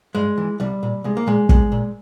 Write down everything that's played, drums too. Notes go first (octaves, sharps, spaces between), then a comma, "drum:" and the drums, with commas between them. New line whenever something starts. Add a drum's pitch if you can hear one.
G2 G#3
E3
C2 G3
A#2
C2 G#3
A#3
A#2 G#3
C2 G#3, drum: kick
A#2